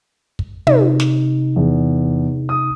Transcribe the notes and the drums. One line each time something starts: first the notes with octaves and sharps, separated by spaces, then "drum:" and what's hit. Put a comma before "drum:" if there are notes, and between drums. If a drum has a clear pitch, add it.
drum: kick
C3 D#4, drum: tom
drum: snare
E2
D#6